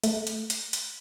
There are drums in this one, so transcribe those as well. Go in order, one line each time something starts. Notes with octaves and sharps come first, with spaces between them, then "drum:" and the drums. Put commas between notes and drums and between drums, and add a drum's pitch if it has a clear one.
A3, drum: hi-hat
drum: hi-hat
drum: hi-hat
drum: hi-hat